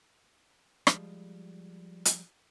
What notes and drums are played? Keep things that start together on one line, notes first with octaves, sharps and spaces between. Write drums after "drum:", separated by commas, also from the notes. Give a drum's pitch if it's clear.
F3 G3 G#3, drum: rim click
drum: hi-hat